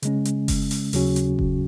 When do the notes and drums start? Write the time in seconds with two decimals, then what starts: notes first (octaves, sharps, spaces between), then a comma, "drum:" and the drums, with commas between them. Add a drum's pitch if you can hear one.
0.03 C#3 G#3 C#4, drum: hi-hat
0.25 drum: hi-hat
0.48 drum: kick F#1, open hi-hat
0.71 drum: open hi-hat
0.93 D#2 C#3 F#3 C#4 F#4, drum: open hi-hat
1.16 drum: hi-hat
1.39 drum: kick F#1